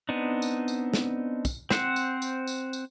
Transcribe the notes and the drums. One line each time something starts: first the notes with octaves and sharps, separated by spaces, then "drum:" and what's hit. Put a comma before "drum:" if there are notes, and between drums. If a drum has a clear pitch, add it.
B3 C4 D4 D#4
drum: tambourine
drum: tambourine
drum: snare
drum: kick, tambourine
C4 C5 F#5, drum: snare
drum: tambourine
drum: tambourine
drum: tambourine
drum: tambourine